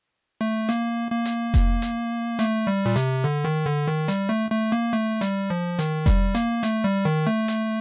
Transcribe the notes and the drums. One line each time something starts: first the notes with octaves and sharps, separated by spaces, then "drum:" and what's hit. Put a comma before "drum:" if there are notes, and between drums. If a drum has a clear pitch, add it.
A3
A#3, drum: hi-hat
A#3
drum: hi-hat
drum: kick F1, hi-hat
drum: hi-hat
A3, drum: hi-hat
G3
A#2
C3, drum: hi-hat
D3
D#3
D3
D#3
G3, drum: hi-hat
A3
A3
A#3
A3
G3, drum: hi-hat
F3
D#3, drum: hi-hat
G3, drum: kick F1, hi-hat
A#3, drum: hi-hat
A3, drum: hi-hat
G3
D#3
A3
drum: hi-hat